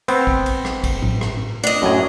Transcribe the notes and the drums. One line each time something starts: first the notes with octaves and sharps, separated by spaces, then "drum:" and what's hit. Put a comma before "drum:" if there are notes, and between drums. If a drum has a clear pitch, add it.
B3 C4, drum: cymbal
drum: kick
drum: cymbal
drum: rim click
drum: kick, cymbal
drum: tom A2
drum: rim click
D4 D#5
F#2 A2 G#5